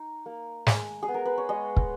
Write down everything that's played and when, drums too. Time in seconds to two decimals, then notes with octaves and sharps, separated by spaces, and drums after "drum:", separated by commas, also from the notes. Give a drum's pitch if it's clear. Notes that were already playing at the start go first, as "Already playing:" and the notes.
Already playing: D#4
0.26 A#3
0.67 G#3, drum: snare
1.03 G#4
1.08 B3
1.14 A#4
1.25 B4
1.38 C#5
1.49 G#3 D#5
1.77 drum: kick